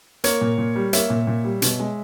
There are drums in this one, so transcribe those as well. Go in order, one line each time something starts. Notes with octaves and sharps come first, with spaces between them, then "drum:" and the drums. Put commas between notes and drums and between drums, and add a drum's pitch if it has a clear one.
A#3 A#4 C#5, drum: hi-hat
A#2
A#2
G3
A#3 C#5 E5, drum: hi-hat
A#2
A#2
G3
B2, drum: hi-hat
G#3